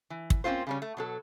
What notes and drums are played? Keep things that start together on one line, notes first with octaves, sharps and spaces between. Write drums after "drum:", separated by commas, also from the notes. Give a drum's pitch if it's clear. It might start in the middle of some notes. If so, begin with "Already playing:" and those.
E3
drum: kick
A#3 C4 C#4 E4 F4 C5
C#3 G3 C#4
A3
B2 F#3 A4